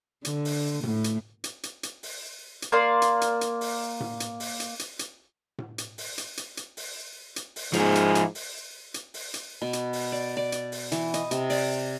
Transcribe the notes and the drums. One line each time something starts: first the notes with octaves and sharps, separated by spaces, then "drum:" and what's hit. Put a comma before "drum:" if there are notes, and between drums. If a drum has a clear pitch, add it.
D3, drum: hi-hat
drum: open hi-hat
A2, drum: tom A2
drum: hi-hat
drum: hi-hat
drum: hi-hat
drum: hi-hat
drum: open hi-hat
drum: hi-hat
A#3 D5 C6
drum: hi-hat
drum: hi-hat
drum: hi-hat
drum: open hi-hat
drum: tom A2
drum: hi-hat
drum: open hi-hat
drum: hi-hat
drum: hi-hat
drum: hi-hat
drum: tom A2
drum: hi-hat
drum: open hi-hat
drum: hi-hat
drum: hi-hat
drum: hi-hat
drum: open hi-hat
drum: hi-hat
drum: open hi-hat
G#2 F3 G#4, drum: hi-hat
drum: hi-hat
drum: hi-hat
drum: open hi-hat
drum: hi-hat
drum: open hi-hat
drum: hi-hat
B2
drum: hi-hat
drum: open hi-hat
D5
D5
drum: hi-hat
drum: open hi-hat
E3, drum: hi-hat
D#5, drum: hi-hat
C3, drum: hi-hat
D5, drum: open hi-hat